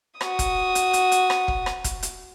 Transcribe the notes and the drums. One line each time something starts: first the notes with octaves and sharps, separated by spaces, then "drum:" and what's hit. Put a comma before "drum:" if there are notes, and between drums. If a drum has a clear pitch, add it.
F#4 D#6, drum: rim click
drum: kick, hi-hat
drum: hi-hat
drum: hi-hat
drum: hi-hat
drum: rim click
drum: kick
drum: rim click
drum: kick, hi-hat
drum: hi-hat